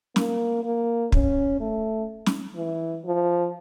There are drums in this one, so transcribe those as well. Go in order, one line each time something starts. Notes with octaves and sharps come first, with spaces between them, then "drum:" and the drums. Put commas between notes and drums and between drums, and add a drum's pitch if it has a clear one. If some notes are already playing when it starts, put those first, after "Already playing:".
A#3, drum: snare
A#3
C#4, drum: kick
A3
drum: snare
E3
F3